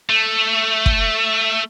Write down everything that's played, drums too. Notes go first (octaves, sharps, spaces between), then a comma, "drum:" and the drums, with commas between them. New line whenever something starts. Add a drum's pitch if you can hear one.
A3
drum: kick